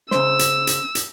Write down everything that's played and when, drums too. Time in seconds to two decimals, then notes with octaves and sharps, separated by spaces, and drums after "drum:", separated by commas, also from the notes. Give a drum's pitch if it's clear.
0.11 C#3 C5 E6, drum: snare
0.39 drum: hi-hat
0.67 drum: hi-hat
0.95 drum: hi-hat